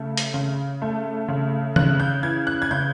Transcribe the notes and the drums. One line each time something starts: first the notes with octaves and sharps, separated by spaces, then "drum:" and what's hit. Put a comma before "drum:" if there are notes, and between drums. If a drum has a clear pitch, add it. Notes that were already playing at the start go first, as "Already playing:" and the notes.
Already playing: C#3 A3
drum: hi-hat
C#3
A3
C#3
C#3 F#6, drum: tom D#3
G6
E3 G#6
F#6
G#6
C#3 G6